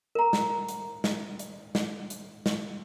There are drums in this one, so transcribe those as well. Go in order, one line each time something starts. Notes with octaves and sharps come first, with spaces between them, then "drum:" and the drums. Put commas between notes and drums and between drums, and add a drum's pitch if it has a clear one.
A#4 A#5
drum: snare
drum: hi-hat
drum: snare
drum: hi-hat
drum: snare
drum: hi-hat
drum: snare